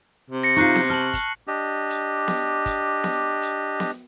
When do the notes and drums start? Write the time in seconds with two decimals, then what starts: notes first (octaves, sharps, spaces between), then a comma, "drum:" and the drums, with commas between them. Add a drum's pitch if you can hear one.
0.30 C3
0.43 A#6 C#7
0.56 D#4 F4 C#6 F#6 C7
0.75 drum: snare B3
0.90 A5 F6 F#7
1.14 drum: kick, hi-hat
1.48 D4 G4 D#5
1.90 drum: hi-hat
2.28 drum: snare B3
2.66 drum: kick, hi-hat
3.04 drum: snare B3
3.42 drum: hi-hat
3.80 drum: snare B3